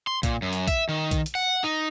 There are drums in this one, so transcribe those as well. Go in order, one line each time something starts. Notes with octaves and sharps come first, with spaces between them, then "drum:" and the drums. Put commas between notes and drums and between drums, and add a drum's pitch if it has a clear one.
C6
A#2, drum: kick B1, hi-hat
F#2
drum: hi-hat
E5, drum: kick B1, hi-hat
D#3
drum: kick B1, hi-hat
drum: hi-hat
F#5
D#4